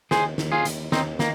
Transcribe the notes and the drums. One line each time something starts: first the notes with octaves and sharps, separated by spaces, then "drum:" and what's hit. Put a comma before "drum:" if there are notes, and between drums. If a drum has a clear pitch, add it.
D#2 G#4 C5, drum: snare
D#2, drum: snare
F4 G#4
D#2, drum: hi-hat
D#2 C4 D#4, drum: snare
D#3 A#3, drum: snare